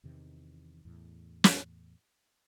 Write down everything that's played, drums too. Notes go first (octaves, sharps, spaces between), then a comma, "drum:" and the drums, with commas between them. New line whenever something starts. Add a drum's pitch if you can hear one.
E2 C3 D#3 E3
E2 A2
drum: snare